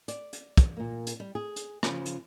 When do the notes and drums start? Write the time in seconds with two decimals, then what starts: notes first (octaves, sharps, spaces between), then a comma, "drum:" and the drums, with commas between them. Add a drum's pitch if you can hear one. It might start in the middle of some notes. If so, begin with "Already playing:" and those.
0.08 D5, drum: hi-hat
0.33 drum: hi-hat
0.57 drum: kick, hi-hat
0.77 A#2 A#3
1.07 drum: hi-hat
1.20 G3
1.35 G#4
1.56 drum: hi-hat
1.83 C#3 F3, drum: rim click
2.06 drum: hi-hat